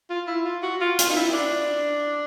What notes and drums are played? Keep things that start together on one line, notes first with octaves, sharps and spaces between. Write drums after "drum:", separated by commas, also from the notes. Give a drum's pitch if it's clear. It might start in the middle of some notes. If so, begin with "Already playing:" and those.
F4
E4
F4
F#4
F4
F4, drum: hi-hat
D#4
E4
D4